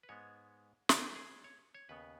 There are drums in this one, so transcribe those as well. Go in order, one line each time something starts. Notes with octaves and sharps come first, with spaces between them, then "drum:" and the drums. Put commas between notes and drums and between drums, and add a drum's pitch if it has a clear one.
B4
G#2 G#3 B3 C#5
drum: snare
G#4
B4
G#4
C#5
C#5
D#2 C#3 B3 B4